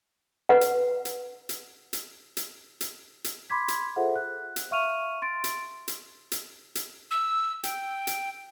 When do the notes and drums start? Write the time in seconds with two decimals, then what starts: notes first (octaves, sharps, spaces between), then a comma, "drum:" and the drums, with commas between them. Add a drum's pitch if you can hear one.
0.49 B4 F#5
0.61 drum: hi-hat
1.05 drum: hi-hat
1.49 drum: hi-hat
1.93 drum: hi-hat
2.37 drum: hi-hat
2.81 drum: hi-hat
3.24 drum: hi-hat
3.50 B5 C6 D6 G#6 B6
3.68 drum: hi-hat
3.96 F4 G#4 A4 C5 E5 F#5
4.16 F#6
4.56 drum: hi-hat
4.71 E5 F5 C#6 F6 D#7 F7
5.22 C6 A6 D7
5.44 drum: hi-hat
5.88 drum: hi-hat
6.31 drum: hi-hat
6.75 drum: hi-hat
7.11 E6
7.63 G5, drum: hi-hat
8.07 drum: hi-hat